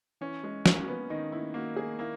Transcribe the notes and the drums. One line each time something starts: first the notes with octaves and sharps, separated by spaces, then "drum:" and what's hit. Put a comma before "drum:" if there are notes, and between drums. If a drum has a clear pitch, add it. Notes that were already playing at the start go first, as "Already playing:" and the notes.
E3 C#4
G#3
A#3 C#4, drum: snare
B3
D#3 D#4
E4
A#3 F#4
G#4
A#3 E4